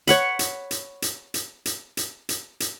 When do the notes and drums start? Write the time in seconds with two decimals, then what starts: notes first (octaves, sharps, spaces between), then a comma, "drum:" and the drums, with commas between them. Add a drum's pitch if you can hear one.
0.07 C#5 F#5 B5, drum: hi-hat
0.39 drum: hi-hat
0.71 drum: hi-hat
1.02 drum: hi-hat
1.34 drum: hi-hat
1.65 drum: hi-hat
1.97 drum: hi-hat
2.29 drum: hi-hat
2.60 drum: hi-hat